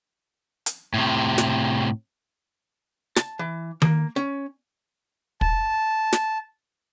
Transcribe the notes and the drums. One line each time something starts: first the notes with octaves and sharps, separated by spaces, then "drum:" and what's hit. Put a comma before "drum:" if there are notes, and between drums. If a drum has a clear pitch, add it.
drum: hi-hat
A2 C3
drum: snare
A5, drum: snare
E3
A#3, drum: tom D#3
C#4
A5, drum: kick
drum: snare